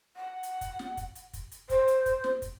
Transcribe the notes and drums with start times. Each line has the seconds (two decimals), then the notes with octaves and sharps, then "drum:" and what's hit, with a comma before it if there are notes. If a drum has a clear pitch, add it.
0.16 F#5
0.43 drum: hi-hat
0.61 drum: kick, hi-hat
0.79 drum: snare
0.97 drum: kick, hi-hat
1.15 drum: hi-hat
1.33 drum: kick, hi-hat
1.51 drum: hi-hat
1.70 C5, drum: kick, hi-hat
1.88 drum: hi-hat
2.06 drum: kick, hi-hat
2.24 drum: snare
2.42 drum: kick, hi-hat